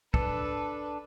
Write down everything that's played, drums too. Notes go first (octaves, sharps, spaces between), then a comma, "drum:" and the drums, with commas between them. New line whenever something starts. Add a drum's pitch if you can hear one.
D4 A4 B4, drum: kick